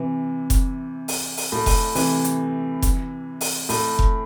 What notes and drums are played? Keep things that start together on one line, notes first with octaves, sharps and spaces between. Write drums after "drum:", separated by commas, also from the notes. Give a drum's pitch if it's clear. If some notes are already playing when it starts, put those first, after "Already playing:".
Already playing: C3 E3
drum: kick F1, hi-hat
drum: open hi-hat
drum: open hi-hat
A2
drum: kick F1, open hi-hat
C3 E3, drum: open hi-hat
drum: hi-hat
drum: kick F1, hi-hat
drum: open hi-hat
A2, drum: open hi-hat
drum: kick F1